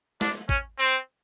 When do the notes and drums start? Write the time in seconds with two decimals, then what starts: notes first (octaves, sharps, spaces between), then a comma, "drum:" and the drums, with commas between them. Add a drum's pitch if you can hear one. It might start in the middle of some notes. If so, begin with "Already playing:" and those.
0.21 D4, drum: snare
0.49 C#4, drum: kick A1
0.79 C4